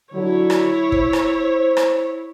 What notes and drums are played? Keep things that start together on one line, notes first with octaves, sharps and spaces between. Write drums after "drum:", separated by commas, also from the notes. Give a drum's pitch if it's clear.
D3 F#3 E4 C#5
drum: rim click
C5, drum: kick
drum: rim click
drum: rim click